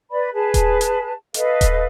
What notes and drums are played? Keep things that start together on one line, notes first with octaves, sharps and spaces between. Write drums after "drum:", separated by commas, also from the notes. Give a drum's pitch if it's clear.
B4 D5 B5
G#4 B4 A5
drum: kick D#1, hi-hat
drum: hi-hat
A4 B4 D#5 F5, drum: hi-hat
drum: kick D#1, hi-hat